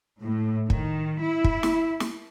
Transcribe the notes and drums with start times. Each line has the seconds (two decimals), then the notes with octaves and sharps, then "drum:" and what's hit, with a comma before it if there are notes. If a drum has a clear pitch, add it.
0.23 A2
0.70 D#3, drum: kick
1.22 E4
1.44 drum: kick
1.63 drum: snare
2.00 drum: snare